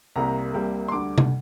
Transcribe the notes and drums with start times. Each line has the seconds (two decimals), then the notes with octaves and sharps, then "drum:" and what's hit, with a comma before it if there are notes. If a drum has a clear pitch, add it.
0.16 C2 C3 G3 A#3 A#5
0.54 C2 C3 G3 A#3
0.88 C6
0.92 D2 D3 G3 D6
1.18 drum: tom C3